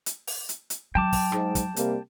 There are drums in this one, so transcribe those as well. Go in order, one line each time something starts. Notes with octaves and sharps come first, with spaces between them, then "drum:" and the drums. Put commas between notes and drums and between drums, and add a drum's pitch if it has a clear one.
drum: hi-hat
drum: open hi-hat
drum: hi-hat
drum: hi-hat
F#3 G5 A5 D6
drum: kick, open hi-hat
G#2 G#3, drum: rim click
drum: kick, hi-hat
C3 G3 A#3, drum: hi-hat